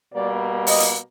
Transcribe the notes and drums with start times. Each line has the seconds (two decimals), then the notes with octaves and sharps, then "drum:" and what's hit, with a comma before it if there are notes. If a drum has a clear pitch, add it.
0.13 B2 G3 A#3 D5
0.67 D#5, drum: open hi-hat
0.80 drum: hi-hat